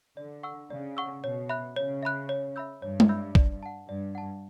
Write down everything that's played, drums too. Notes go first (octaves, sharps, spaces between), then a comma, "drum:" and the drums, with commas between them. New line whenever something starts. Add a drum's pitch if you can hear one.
D3 D5
F#5 C#6 E6
C#3 D5
F#5 C#6 E6
B2 C#5
E5 B5 F#6
C#3 C#5
E5 B5 F#6
C#5
E5 B5 E6 G6
G2 C#5
drum: tom G#3
E5 B5 E6 G6
D5, drum: kick
F#5 A5
G2 D5
F#5 A5